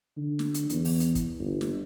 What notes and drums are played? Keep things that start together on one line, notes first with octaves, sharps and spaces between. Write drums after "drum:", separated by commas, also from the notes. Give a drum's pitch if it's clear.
D3
drum: snare
drum: hi-hat
E2, drum: hi-hat
drum: open hi-hat
drum: hi-hat
drum: kick, hi-hat
G1
drum: snare